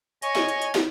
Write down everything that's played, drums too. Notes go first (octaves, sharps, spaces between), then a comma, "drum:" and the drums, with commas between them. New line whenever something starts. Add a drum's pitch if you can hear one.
C#5 D#5 G#5 C#6, drum: hi-hat
drum: snare
drum: hi-hat
drum: hi-hat
drum: snare